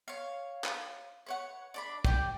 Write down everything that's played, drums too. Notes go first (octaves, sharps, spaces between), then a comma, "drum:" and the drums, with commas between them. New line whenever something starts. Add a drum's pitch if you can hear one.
C#5 F5
drum: clap
B4 C#5 F#5
D4 D5 B5
G4 D5 G5, drum: kick